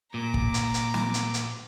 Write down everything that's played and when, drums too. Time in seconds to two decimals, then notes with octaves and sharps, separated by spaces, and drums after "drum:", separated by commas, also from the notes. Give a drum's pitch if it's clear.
0.14 A#2 A#5 D6
0.34 drum: kick
0.54 drum: hi-hat
0.74 drum: hi-hat
0.94 drum: snare
1.14 drum: hi-hat
1.34 drum: hi-hat